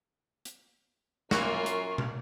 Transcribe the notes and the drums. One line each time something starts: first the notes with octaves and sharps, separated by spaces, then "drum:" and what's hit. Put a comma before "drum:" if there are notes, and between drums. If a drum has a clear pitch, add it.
drum: hi-hat
F#2 A#2 E3 A#3 F4 F#4 C#6, drum: snare
drum: hi-hat
drum: tom B2